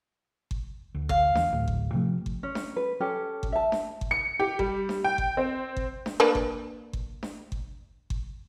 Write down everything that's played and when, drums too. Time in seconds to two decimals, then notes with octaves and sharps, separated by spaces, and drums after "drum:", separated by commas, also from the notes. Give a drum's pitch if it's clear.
0.51 drum: kick G1
0.95 D2
1.09 F5, drum: kick G1
1.35 E2, drum: snare D4
1.52 D2 A2
1.68 drum: kick G1
1.93 C3 F3 A3
2.26 drum: kick G1
2.43 C#4
2.55 drum: snare D4
2.76 B4
3.00 C#4 G4 A4
3.43 drum: kick G1
3.52 E5 A5
3.72 drum: snare D4
4.01 drum: kick G1
4.11 C#7
4.40 G4
4.59 G3, drum: kick G1
4.89 drum: snare D4
5.04 G5
5.18 drum: kick G1
5.37 C4
5.77 drum: kick G1
6.06 drum: snare D4
6.20 A#3 D4 B4
6.35 drum: kick G1
6.93 drum: kick G1
7.23 drum: snare D4
7.52 drum: kick G1
8.10 drum: kick G1